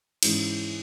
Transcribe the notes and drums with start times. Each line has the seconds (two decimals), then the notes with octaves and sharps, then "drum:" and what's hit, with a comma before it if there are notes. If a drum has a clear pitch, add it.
0.23 G#2 E3 G#3 C#4, drum: cymbal